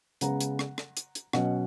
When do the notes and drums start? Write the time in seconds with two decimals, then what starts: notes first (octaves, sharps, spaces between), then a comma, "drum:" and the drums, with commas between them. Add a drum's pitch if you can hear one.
0.21 C#3 G#3 B3 F#5 A#5, drum: hi-hat
0.40 drum: hi-hat
0.59 drum: rim click
0.78 drum: rim click
0.97 drum: hi-hat
1.15 drum: hi-hat
1.33 B2 F#3 C#4 D#5 F#5, drum: rim click